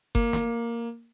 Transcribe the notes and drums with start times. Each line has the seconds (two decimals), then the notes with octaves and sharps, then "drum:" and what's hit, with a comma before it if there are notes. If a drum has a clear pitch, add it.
0.15 A#3, drum: kick F#1
0.33 drum: snare